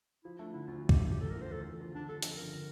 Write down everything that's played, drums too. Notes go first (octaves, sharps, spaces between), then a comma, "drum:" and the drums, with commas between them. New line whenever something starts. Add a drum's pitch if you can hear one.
F3 E4
A3 D4
D3 E4
D2 F4
F3
G4, drum: kick
A3
F3 G4
A4
E2
A#4
D3 C5
E2 A4
F3
E2 F4
D3 D4
G3 A4
F2, drum: hi-hat
G1 A#4
D3